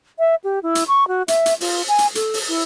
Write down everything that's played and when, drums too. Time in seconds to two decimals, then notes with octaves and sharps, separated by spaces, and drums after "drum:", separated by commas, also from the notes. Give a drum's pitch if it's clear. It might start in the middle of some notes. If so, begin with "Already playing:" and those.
0.19 E5
0.44 G4
0.63 E4
0.75 drum: hi-hat
0.88 C#6
1.08 F#4
1.28 E5, drum: hi-hat
1.46 drum: hi-hat
1.61 F4, drum: open hi-hat
1.88 G#5
1.99 drum: hi-hat
2.15 A4, drum: hi-hat
2.34 drum: open hi-hat
2.48 E4